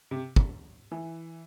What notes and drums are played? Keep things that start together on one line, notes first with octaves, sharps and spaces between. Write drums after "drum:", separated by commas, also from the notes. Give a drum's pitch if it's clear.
C3
drum: kick
E3